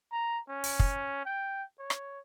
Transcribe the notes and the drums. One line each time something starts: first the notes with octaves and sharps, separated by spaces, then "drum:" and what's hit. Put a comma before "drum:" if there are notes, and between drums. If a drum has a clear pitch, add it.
A#5
C#4
drum: open hi-hat
drum: kick
G5
C#5
drum: rim click